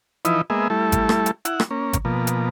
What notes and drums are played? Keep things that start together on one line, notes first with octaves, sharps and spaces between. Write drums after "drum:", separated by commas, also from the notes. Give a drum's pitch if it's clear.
E3 F3 D#4 E4 B4 D#5, drum: hi-hat
G#3 A#3 B3 G#4 D#5 E5
G3 A3 E4 A4
drum: kick G#1, hi-hat
drum: rim click
drum: hi-hat
E4 F#5, drum: hi-hat
drum: rim click
A#3 C#4
drum: kick G#1, hi-hat
B2 F3 A#3
drum: hi-hat